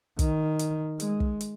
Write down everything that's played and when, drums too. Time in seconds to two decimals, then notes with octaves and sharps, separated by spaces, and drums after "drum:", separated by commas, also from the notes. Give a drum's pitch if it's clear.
0.19 D#3, drum: kick, hi-hat
0.59 drum: hi-hat
1.00 G#3, drum: hi-hat
1.20 drum: kick
1.40 drum: hi-hat